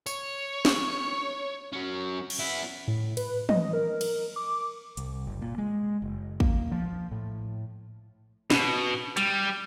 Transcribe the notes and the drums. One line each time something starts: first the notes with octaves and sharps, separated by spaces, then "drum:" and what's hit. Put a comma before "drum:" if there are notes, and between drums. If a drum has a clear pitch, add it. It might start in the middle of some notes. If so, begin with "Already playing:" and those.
C#5, drum: tambourine
drum: snare
F#3 C#4
drum: cymbal
B3 E4
A2
B4, drum: cymbal
D#5, drum: tom
A#4
drum: cymbal
D6
C2, drum: hi-hat
F#1
A#2
G#3
F#1
A#3, drum: kick
F3
A2
B2, drum: snare
G3, drum: hi-hat